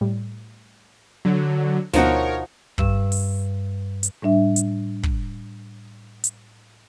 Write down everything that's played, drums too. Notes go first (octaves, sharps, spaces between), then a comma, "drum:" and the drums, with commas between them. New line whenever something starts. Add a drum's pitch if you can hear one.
A2 G3
D3 F#3
D2 B2 F3 D#4 F#4 A#4 C#5, drum: snare
G2 E6 E7, drum: kick
drum: open hi-hat
drum: hi-hat
A2 G3 D4 E5
drum: hi-hat
drum: kick
drum: hi-hat